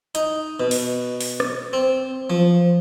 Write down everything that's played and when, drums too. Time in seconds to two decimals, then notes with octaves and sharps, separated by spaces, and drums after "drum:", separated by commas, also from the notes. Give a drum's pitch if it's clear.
0.15 D#4, drum: hi-hat
0.60 B2
0.71 drum: open hi-hat
1.21 drum: open hi-hat
1.40 drum: rim click
1.73 C4
2.30 F3